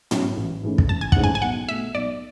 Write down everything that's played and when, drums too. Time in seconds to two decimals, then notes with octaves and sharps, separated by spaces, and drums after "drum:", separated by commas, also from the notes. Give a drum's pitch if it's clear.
0.11 B2 F#3 C#4 E4, drum: tom
0.37 A1
0.63 G#2 E3 A3 C#4
0.78 drum: kick
0.89 A1 A5
1.01 G#5
1.12 G#2 E3 A3 C#4 F#5, drum: kick
1.24 G#5
1.35 G#5
1.41 B1 F#5
1.68 B2 A3 E5
1.95 B1 D5